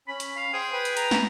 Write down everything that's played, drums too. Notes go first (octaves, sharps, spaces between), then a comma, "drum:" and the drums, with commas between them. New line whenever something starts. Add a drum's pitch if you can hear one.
C#4 B5
drum: hi-hat
F5
G#4 C5 G5
B4 G5 G#5
drum: hi-hat
A#5, drum: hi-hat
drum: snare